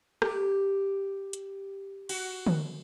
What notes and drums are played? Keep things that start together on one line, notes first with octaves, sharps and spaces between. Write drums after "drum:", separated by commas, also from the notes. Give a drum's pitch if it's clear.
G4, drum: rim click
drum: hi-hat
F#4, drum: cymbal
drum: tom